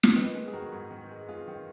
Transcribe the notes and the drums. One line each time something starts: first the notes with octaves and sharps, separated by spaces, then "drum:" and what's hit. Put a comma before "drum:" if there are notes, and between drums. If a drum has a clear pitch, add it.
drum: snare
D#3 B4 D#5
G#3
G#4
D#3 F#4 A#4
G#2
D#3
G#3
G#2 F4 G#4
D#3